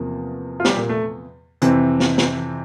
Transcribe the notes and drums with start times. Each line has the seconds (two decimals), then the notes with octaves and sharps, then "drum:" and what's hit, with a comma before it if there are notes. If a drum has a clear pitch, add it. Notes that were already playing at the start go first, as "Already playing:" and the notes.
Already playing: E2 C3 F3 A#3
0.60 F4
0.65 G3 G4, drum: snare
0.77 A#2 A#3
0.89 A3
1.62 F2 C3 E3 C4, drum: hi-hat
2.00 drum: snare
2.18 drum: snare